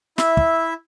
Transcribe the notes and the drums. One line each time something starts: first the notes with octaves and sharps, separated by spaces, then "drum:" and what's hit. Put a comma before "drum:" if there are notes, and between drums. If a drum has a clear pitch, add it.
E4 E5, drum: snare
drum: kick